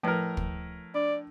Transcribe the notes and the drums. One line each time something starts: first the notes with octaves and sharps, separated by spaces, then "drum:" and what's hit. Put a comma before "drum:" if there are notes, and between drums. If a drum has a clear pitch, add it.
A2 F3 A#4 B4
drum: kick
D4 D5